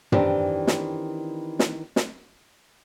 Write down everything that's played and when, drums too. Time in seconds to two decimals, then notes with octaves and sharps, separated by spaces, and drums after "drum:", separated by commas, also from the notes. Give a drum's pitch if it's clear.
0.12 D#3 E3 C4 D4 G4, drum: tom
0.67 drum: snare
1.59 drum: snare
1.96 drum: snare